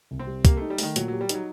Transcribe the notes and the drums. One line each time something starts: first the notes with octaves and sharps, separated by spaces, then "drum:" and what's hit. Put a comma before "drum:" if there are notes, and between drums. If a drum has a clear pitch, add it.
C2
C4
G3
A#3 G4, drum: kick, hi-hat
A3 D#4
G3
D#3 A3, drum: open hi-hat
A#2 F#3, drum: hi-hat
F#3 G4
G3
F#3 D#4, drum: hi-hat